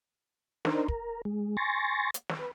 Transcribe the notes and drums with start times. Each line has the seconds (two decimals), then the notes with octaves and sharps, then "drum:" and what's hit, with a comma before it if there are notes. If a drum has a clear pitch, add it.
0.65 D4 D#4 A#4 C5, drum: snare
0.88 A#4, drum: kick
1.25 G#3
1.57 G#5 C6 C#6 A6 A#6
2.14 drum: hi-hat
2.29 drum: snare
2.39 B4